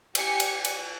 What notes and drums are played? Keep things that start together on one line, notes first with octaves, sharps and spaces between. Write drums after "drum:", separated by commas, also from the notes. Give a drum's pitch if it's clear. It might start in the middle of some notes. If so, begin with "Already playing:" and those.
G4 G#5 C#7, drum: cymbal
drum: cymbal
drum: cymbal